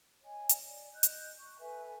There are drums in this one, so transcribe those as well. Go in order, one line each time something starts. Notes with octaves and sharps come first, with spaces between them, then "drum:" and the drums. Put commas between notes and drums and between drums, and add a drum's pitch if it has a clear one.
C#5 D#5 G#5
drum: hi-hat
D5
D#5 F#6 G6
drum: hi-hat
C#6
A4 B4 E5 G#5